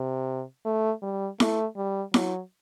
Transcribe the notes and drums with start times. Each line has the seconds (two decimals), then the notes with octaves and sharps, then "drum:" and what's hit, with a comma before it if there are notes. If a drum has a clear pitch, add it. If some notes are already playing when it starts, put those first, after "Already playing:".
Already playing: C3
0.65 A3
1.02 G3
1.40 A3, drum: snare E4
1.77 G3
2.14 F#3, drum: snare E4